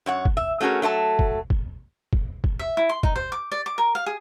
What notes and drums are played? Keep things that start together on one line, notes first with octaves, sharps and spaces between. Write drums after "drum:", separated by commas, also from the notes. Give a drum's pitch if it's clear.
F#2 C#5 F#5
drum: kick
E5
A3 C#4 F#4 G#4 A#4
F#3 A3 C#5 A5
drum: kick
drum: kick
drum: kick
drum: kick
E5
E4
C6
D#4, drum: kick
C5
D6
D5
D6
A#4
F5
G#4